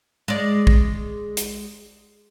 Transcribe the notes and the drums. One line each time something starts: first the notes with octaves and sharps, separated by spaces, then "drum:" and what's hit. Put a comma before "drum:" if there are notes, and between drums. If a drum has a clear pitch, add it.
G#3 D5
drum: kick A#1
drum: hi-hat